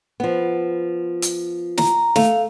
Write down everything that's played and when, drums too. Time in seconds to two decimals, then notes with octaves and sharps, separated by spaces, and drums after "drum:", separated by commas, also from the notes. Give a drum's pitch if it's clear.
0.20 F3 B3
1.22 drum: hi-hat
1.78 A#5, drum: snare
2.16 A3 F5, drum: snare